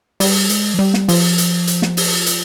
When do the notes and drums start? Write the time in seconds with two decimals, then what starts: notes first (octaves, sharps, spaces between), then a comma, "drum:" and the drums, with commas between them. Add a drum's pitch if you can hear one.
0.20 G3, drum: open hi-hat
0.49 G#3, drum: hi-hat
0.74 F3
0.79 G3
0.94 drum: snare
1.08 F3, drum: open hi-hat
1.38 drum: hi-hat
1.67 drum: hi-hat
1.82 drum: snare
1.97 drum: open hi-hat
2.26 drum: hi-hat